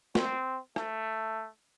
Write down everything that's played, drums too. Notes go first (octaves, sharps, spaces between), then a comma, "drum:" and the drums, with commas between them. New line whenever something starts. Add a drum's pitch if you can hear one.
C4, drum: snare
A3, drum: rim click